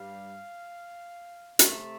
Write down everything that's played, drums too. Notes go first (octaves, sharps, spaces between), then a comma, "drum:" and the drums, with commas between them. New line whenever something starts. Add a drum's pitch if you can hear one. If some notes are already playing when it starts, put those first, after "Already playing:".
Already playing: G2 G3 F5
C3 A3, drum: hi-hat